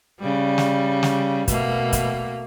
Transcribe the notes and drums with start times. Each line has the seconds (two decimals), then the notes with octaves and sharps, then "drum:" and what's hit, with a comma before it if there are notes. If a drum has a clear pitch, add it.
0.21 C#3 G3
0.58 drum: snare
1.03 drum: snare
1.48 B2 A3 A#3, drum: kick, hi-hat
1.92 drum: kick, hi-hat